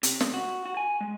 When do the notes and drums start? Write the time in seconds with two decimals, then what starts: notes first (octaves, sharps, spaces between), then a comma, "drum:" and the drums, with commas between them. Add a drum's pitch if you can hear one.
0.03 C3, drum: hi-hat
0.21 drum: snare
0.34 F#4
0.66 F#4
0.77 G#5
1.01 G#3